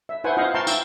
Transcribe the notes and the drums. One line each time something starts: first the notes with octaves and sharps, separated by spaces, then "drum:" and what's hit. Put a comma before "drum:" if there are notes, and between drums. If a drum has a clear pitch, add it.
E5
E4 B4 C5 F#5 G#5
E4 F4 C5 D#5 F5 F#5
F5 G5 A5 A#5 C6 C#6
E4 G5 E6, drum: tambourine